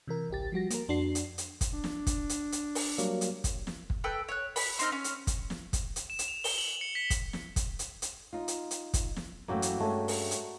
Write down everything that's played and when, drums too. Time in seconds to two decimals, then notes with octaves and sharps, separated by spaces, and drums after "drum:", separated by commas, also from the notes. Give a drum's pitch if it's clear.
0.08 C3 E3 A#4
0.30 G#1 C#2 G4 A6
0.52 F3 G3 F#4 A#6
0.70 A#3 A#4, drum: hi-hat
0.89 F2 D4 F#4 C7
1.15 drum: hi-hat
1.38 drum: hi-hat
1.61 drum: kick, hi-hat
1.73 D4
1.84 drum: snare
2.07 drum: kick, hi-hat
2.29 drum: hi-hat
2.52 drum: hi-hat
2.75 drum: open hi-hat
2.98 F#3 G3 A#3, drum: hi-hat
3.21 drum: hi-hat
3.44 drum: kick, hi-hat
3.67 drum: snare
3.90 drum: kick
4.04 A4 B4 G5 F#6
4.28 C#5 F#6
4.56 B5, drum: open hi-hat
4.79 C4 D#4 F6, drum: hi-hat
4.92 C#4
5.04 drum: hi-hat
5.27 drum: kick, hi-hat
5.50 drum: snare
5.73 drum: kick, hi-hat
5.96 drum: hi-hat
6.10 E7
6.19 drum: hi-hat
6.28 F7
6.44 G7, drum: open hi-hat
6.58 F#7
6.81 C#7
6.95 B6
7.10 drum: kick, hi-hat
7.33 drum: snare
7.56 drum: kick, hi-hat
7.79 drum: hi-hat
8.02 drum: hi-hat
8.33 D#4 F4
8.48 drum: hi-hat
8.71 drum: hi-hat
8.94 drum: kick, hi-hat
9.16 drum: snare
9.48 F#2 E3 A3 A#3 F#4 G5
9.62 drum: hi-hat
9.80 G2 G#3 A3 C#4
10.08 drum: open hi-hat
10.31 drum: hi-hat